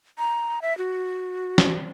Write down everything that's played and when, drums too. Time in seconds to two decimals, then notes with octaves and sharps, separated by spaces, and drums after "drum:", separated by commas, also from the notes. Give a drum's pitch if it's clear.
0.18 A#5
0.62 E5
0.78 F#4
1.58 drum: snare